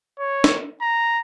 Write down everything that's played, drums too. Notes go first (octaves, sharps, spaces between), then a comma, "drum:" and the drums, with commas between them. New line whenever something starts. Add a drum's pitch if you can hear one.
C#5
drum: snare
A#5